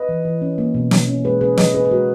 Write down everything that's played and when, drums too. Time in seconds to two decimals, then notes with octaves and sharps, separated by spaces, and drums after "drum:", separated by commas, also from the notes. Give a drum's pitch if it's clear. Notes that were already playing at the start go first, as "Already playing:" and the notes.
Already playing: B4 D#5
0.09 E3
0.25 E3
0.42 C#4
0.58 A#3
0.74 B2
0.91 B2, drum: snare
1.08 C#4
1.24 G#3 G#4 B4
1.41 C#3 G#4 B4
1.57 C#3 B4 D#5, drum: snare
1.74 C#4 G#4 B4
1.85 B4
1.91 G#3 F#4 A#4